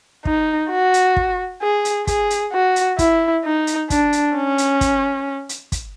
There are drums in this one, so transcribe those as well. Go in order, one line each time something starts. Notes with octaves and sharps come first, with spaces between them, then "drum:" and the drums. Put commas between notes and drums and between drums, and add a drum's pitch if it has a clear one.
D#4, drum: kick
F#4
drum: hi-hat
drum: kick
G#4
drum: hi-hat
G#4, drum: kick, hi-hat
drum: hi-hat
F#4
drum: hi-hat
E4, drum: kick, hi-hat
D#4
drum: hi-hat
D4, drum: kick, hi-hat
drum: hi-hat
C#4
drum: hi-hat
drum: kick, hi-hat
drum: hi-hat
drum: kick, hi-hat